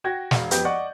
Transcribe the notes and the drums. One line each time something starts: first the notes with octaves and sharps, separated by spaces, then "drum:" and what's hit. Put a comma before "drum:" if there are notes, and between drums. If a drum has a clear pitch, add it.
F#4 G5 G#6 A#6
E1 F5, drum: snare
F2 B3 G4 G6, drum: hi-hat
D5 D#5 F#5 C#6